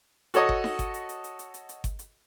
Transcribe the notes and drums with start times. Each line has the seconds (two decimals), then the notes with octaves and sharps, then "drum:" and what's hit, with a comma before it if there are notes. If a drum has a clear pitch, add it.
0.34 F#4 A4 C#5 D#5, drum: hi-hat
0.49 drum: kick G1
0.64 drum: snare D#4
0.79 drum: kick G1, hi-hat
0.94 drum: hi-hat
1.09 drum: hi-hat
1.24 drum: hi-hat
1.39 drum: hi-hat
1.54 drum: hi-hat
1.69 drum: hi-hat
1.84 drum: kick G1, hi-hat
1.99 drum: hi-hat